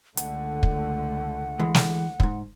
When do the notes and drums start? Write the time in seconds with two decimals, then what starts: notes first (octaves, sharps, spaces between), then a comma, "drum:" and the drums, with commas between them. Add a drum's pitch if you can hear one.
0.17 C#2 D3 A3 F#5, drum: hi-hat
0.63 drum: kick
1.59 E3 G#3
1.74 drum: snare
2.20 D#2 G#2, drum: kick